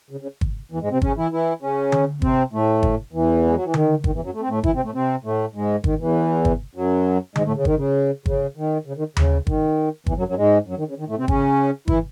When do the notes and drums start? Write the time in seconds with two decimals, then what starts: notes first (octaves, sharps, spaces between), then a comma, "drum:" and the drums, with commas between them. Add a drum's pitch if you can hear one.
0.10 C#3
0.21 C#3
0.41 drum: kick
0.72 E2 E3
0.81 G#2 G#3
0.91 C3 C4
1.02 C#3 C#4, drum: kick
1.16 E3 E4
1.32 E3 E4
1.62 C#3 C#4
1.92 drum: tom D3
2.22 C3 C4, drum: kick
2.53 A2 A3
2.83 drum: kick
3.12 E2 E3
3.45 G#3
3.55 F#3
3.64 E3
3.74 D#3, drum: tom D3
4.04 D#3, drum: kick
4.13 E2 E3
4.23 F#2 F#3
4.33 A3
4.41 C4
4.49 A2 A3
4.64 E3 E4, drum: kick
4.73 C3 C4
4.84 A2 A3
4.94 C3 C4
5.24 A2 A3
5.55 G#2 G#3
5.84 D#3, drum: kick
5.99 E2 E3
6.45 drum: kick
6.75 F#2 F#3
7.36 G#2 G#3, drum: tom D3
7.45 A2 A3
7.55 C#3
7.65 D#3, drum: kick
7.75 C#3
8.26 C#3, drum: kick
8.57 D#3
8.86 C#3
8.97 D#3
9.16 C#3, drum: tom D#2
9.47 D#3, drum: kick
10.06 E2 E3, drum: kick
10.17 F#2 F#3
10.28 F#2 F#3
10.37 G#2 G#3
10.67 F#2 F#3
10.77 D#3
10.87 C#3
10.97 D#3
11.08 A2 A3
11.18 C3 C4
11.28 C#3 C#4, drum: kick
11.88 E3 E4, drum: kick